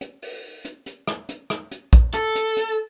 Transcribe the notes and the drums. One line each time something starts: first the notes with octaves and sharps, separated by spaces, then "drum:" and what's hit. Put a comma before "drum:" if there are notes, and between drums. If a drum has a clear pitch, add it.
drum: hi-hat
drum: open hi-hat
drum: hi-hat
drum: hi-hat
drum: rim click
drum: hi-hat
drum: rim click
drum: hi-hat
drum: kick A#1, hi-hat
A4, drum: hi-hat
drum: hi-hat
drum: hi-hat